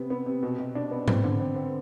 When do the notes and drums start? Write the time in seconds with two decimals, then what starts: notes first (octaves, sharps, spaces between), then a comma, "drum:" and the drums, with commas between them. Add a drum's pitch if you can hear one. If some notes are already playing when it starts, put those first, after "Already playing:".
Already playing: C3 B3
0.10 B3
0.26 C3
0.43 B2
0.59 B2
0.75 D4
0.91 B3
1.08 C4, drum: tom G#2
1.24 D3
1.40 C4
1.56 C4